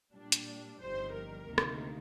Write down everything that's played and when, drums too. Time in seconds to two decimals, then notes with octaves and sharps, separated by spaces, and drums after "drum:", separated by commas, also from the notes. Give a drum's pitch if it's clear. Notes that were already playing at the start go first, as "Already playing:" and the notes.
0.14 A#2 G3 D4
0.32 drum: hi-hat
0.80 G1 F2 D#3 G3 C5
1.14 A#4
1.47 D2 C3 D#3 A#3
1.58 drum: rim click